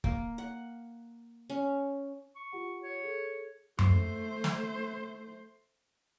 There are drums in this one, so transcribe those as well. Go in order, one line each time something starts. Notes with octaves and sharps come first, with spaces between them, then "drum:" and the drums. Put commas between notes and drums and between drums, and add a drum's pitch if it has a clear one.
A#3, drum: kick
F#5
C#4
C#6
F4 G4 F#5
C#5
G#4 A4
A3 C5, drum: tom F#2
drum: snare